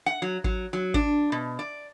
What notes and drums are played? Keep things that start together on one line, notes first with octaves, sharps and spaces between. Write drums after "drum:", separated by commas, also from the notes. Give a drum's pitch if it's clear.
F#5
F#3
F#3, drum: kick G#1
F#3
D4, drum: kick G#1
B2
D5